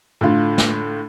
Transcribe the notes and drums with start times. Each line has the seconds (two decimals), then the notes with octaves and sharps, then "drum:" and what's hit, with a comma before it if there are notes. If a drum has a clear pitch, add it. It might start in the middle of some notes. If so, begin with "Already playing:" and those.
0.21 A2 D3 F4
0.58 drum: snare